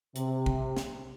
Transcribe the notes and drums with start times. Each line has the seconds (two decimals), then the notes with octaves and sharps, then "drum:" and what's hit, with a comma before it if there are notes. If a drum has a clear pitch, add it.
0.16 C3, drum: hi-hat
0.46 drum: kick
0.77 drum: snare